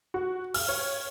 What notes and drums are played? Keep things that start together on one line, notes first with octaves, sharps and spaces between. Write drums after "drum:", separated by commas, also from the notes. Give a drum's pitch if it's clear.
F#4
F6, drum: open hi-hat
C#5